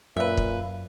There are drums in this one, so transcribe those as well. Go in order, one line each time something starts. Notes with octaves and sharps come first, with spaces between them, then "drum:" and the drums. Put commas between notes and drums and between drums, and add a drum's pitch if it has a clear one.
F#2 A#2 B4 E5 F5
drum: kick